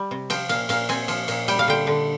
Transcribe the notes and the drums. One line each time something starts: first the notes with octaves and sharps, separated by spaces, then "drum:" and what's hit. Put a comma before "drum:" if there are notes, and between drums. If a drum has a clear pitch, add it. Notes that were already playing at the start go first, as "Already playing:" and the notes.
Already playing: G3
C3
F3 G5, drum: cymbal
A#2 F5, drum: cymbal
A#2 F5, drum: cymbal
C4 G#5, drum: cymbal
F3, drum: cymbal
A#2, drum: cymbal
G3 G5, drum: cymbal
F5
D3 G5
D3